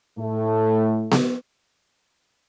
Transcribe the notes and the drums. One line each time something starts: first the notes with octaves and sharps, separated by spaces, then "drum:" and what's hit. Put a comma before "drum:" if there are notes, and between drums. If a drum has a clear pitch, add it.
A2 A3
drum: snare B3